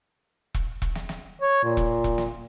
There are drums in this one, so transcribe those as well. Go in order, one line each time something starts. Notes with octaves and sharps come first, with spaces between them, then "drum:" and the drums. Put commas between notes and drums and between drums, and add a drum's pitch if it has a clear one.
drum: kick E1
drum: kick E1
drum: snare
drum: snare
C#5
A#2
drum: kick E1
drum: kick E1
drum: snare